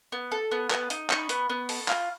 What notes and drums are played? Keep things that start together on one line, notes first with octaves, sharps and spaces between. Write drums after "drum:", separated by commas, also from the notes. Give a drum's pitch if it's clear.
B3
A4
B3
B3, drum: clap
D#4, drum: hi-hat
D#4 B5 C#6, drum: clap
B3, drum: hi-hat
B3
A4, drum: open hi-hat
F4, drum: clap